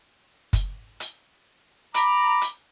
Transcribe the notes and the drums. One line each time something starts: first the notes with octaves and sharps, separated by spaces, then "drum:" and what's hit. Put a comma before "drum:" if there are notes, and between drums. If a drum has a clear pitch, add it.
drum: kick, hi-hat
drum: hi-hat
A#5 B5 D6, drum: hi-hat
drum: hi-hat